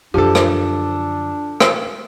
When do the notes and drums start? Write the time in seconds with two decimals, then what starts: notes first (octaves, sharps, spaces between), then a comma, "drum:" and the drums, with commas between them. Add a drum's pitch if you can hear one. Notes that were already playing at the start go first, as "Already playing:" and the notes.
0.14 F#2 D3 F3 D4 G4 A4
0.35 drum: rim click
1.60 drum: rim click